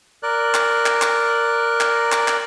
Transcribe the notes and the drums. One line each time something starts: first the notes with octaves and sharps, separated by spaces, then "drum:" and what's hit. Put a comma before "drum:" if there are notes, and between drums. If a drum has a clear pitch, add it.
A#4 D5 F#6
drum: clap
drum: clap
drum: clap
drum: clap
drum: clap
drum: clap